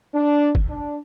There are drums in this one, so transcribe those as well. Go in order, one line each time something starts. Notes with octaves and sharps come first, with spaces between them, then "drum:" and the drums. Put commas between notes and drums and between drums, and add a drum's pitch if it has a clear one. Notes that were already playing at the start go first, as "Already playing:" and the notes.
D4
drum: kick
D4